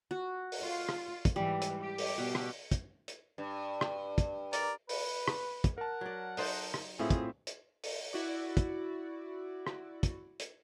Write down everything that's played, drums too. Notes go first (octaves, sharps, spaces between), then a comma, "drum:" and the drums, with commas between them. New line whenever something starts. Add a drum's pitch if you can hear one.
F#4
drum: open hi-hat
F4
drum: rim click
drum: kick, hi-hat
G#2 E3 G3
drum: hi-hat
G4
drum: open hi-hat
B2
drum: rim click
drum: kick, hi-hat
drum: hi-hat
G2
drum: rim click
drum: kick, hi-hat
A#4 D5, drum: hi-hat
B4, drum: open hi-hat
drum: rim click
drum: kick, hi-hat
A#4 F#5 A5
F#3 D5
D#4 C5 D5, drum: open hi-hat
drum: rim click
A2 C4 F4 G#4 E5
drum: kick, hi-hat
drum: hi-hat
drum: open hi-hat
E4 F#4 D5
drum: kick, hi-hat
drum: rim click
drum: kick, hi-hat
drum: hi-hat